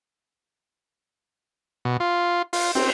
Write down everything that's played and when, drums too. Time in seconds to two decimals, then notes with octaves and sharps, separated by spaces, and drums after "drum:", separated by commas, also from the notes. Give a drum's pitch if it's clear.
1.85 B2
2.00 F4
2.53 F4, drum: open hi-hat
2.75 C4, drum: cymbal